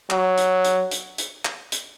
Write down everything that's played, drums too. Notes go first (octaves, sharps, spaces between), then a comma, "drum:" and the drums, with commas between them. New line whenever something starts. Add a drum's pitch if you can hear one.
F#3, drum: clap
drum: hi-hat
drum: hi-hat
drum: hi-hat
drum: hi-hat
drum: clap
drum: hi-hat